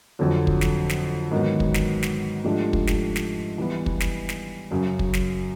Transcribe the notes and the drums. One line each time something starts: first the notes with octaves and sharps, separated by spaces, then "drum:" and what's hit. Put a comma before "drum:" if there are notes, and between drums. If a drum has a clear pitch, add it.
F2 D3 F#3
drum: kick
drum: snare
drum: snare
G#2 D#3 F#3 B3
drum: kick
drum: snare
drum: snare
G#2 F3 A3 D4 G4
drum: kick
drum: snare
drum: snare
E3 G3 B3
drum: kick
drum: snare
drum: snare
F#2 C#3 F#3
drum: kick
drum: snare